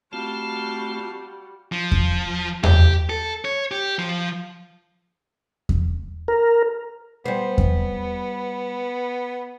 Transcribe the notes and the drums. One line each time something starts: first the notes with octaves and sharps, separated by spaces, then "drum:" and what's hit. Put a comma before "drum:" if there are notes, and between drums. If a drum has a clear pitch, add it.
G3 A3 C4 F4 F#4 F5 A5
F3
drum: kick E2
G4, drum: tom E2
A4
C#5
G4
F3
drum: kick E2
A#4
G3 B3 C5
drum: kick E2